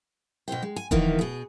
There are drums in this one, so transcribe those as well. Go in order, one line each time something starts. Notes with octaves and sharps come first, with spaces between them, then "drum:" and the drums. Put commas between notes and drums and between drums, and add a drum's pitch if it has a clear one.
B2 E3 C5 G5
G#3
G#5
F2 D#3 E3 A#3 B3, drum: kick D#1
B2 G#4